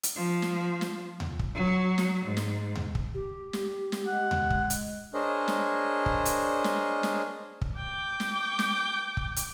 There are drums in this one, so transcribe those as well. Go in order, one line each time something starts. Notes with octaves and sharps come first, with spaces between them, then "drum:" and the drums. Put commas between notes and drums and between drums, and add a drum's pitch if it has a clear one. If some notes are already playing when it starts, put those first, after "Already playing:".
drum: hi-hat
F3
drum: snare
drum: snare
drum: tom D#2
drum: kick
F#3
drum: snare
G#2
drum: snare
drum: tom D#2
drum: kick
G4
drum: snare
drum: snare
G#3 F#5
drum: tom D#2
drum: kick
drum: hi-hat
D4 G#4 A#4 C5 C#5 D#5
drum: snare
drum: kick
drum: hi-hat
drum: snare
drum: snare
drum: kick
G5 D6
drum: snare
drum: snare
drum: kick
drum: hi-hat